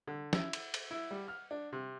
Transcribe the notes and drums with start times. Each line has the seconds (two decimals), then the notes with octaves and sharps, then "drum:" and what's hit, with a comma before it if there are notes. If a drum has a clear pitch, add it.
0.07 D3
0.33 E4, drum: snare
0.53 drum: cymbal
0.74 drum: cymbal
0.91 E4
1.11 G3
1.28 F6
1.51 D4
1.73 C3